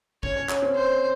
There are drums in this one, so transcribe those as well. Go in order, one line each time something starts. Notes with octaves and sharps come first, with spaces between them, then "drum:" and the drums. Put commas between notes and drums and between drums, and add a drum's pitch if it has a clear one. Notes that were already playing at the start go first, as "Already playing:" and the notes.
C#4 C#5, drum: kick
C#4
C#4, drum: clap
C4
C5